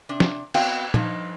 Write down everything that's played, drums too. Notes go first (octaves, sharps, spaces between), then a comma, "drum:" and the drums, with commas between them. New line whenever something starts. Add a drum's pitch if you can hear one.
C3 D4
drum: snare
B3 C4 F#4 F5 G5, drum: cymbal
G2 F3 D#4, drum: tom